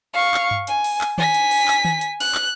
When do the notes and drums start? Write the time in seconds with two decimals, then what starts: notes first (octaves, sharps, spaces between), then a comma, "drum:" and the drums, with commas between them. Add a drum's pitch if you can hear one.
0.14 F5 C#6
0.34 drum: clap
0.51 drum: tom G2
0.67 G#5, drum: hi-hat
0.84 drum: open hi-hat
1.01 drum: clap
1.18 G#5 B6, drum: tom D#3
1.34 drum: hi-hat
1.51 drum: open hi-hat
1.68 drum: clap
1.85 drum: tom D#3
2.01 drum: hi-hat
2.20 F#6, drum: open hi-hat
2.35 drum: clap